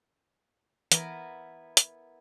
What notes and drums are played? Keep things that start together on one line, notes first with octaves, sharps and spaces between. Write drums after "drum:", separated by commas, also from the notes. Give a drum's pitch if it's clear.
E3 B3 E4 A#4, drum: hi-hat
drum: hi-hat